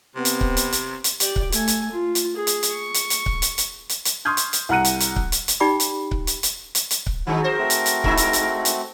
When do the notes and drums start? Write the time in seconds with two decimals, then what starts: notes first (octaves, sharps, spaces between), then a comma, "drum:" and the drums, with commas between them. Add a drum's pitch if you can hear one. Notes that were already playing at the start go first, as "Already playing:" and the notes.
0.16 C3 B3 C4
0.25 drum: hi-hat
0.41 drum: kick C#1
0.57 drum: hi-hat
0.72 drum: hi-hat
1.04 drum: hi-hat
1.20 G4 D5, drum: hi-hat
1.36 drum: kick C#1
1.52 A3 G#5, drum: hi-hat
1.68 drum: hi-hat
1.91 F4
2.15 drum: hi-hat
2.36 G#4
2.47 drum: hi-hat
2.63 drum: hi-hat
2.72 C#6
2.94 drum: hi-hat
3.10 drum: hi-hat
3.26 drum: kick C#1
3.42 drum: hi-hat
3.58 drum: hi-hat
3.89 drum: hi-hat
4.05 drum: hi-hat
4.25 C6 C#6 D#6 F6 G6 G#6
4.37 drum: hi-hat
4.53 drum: hi-hat
4.69 C2 F#5 A#5 F#6 C#7 D#7
4.85 drum: hi-hat
5.00 drum: hi-hat
5.16 drum: kick C#1
5.32 drum: hi-hat
5.48 drum: hi-hat
5.60 D#4 G4 D5 G5 B5 D6
5.80 drum: hi-hat
6.11 drum: kick C#1
6.27 drum: hi-hat
6.43 drum: hi-hat
6.75 drum: hi-hat
6.91 drum: hi-hat
7.06 drum: kick C#1
7.27 D#3 F#3 G#3 D#4 F#4
7.44 A#4 C5
7.59 A3 C4 F#4
7.70 drum: hi-hat
7.86 drum: hi-hat
8.04 G#3 D#4 E4, drum: kick C#1
8.17 drum: hi-hat
8.33 drum: hi-hat
8.65 drum: hi-hat